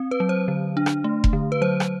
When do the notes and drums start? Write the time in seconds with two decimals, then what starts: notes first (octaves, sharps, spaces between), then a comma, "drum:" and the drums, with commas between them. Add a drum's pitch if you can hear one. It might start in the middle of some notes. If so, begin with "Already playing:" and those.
Already playing: C4
0.11 B4
0.20 F#3
0.29 C5
0.48 D3
0.77 D4
0.86 drum: rim click
1.04 A3
1.24 drum: kick F1
1.33 D3
1.52 B4
1.61 F#3 C5
1.80 drum: rim click